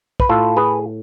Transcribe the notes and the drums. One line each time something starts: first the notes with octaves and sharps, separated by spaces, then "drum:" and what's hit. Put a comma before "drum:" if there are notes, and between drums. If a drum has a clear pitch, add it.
B4, drum: kick
A2 F4 A4
G#4 B4